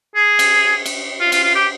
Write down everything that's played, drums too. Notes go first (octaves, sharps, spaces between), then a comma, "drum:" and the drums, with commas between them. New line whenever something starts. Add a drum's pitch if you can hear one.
G#4
drum: cymbal
drum: cymbal
F4
F4, drum: cymbal
F4
G4